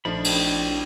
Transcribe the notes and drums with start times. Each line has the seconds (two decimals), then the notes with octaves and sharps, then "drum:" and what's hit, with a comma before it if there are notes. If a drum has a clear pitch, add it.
0.05 A#1 F3 A3 D4 D#4 B5
0.25 drum: cymbal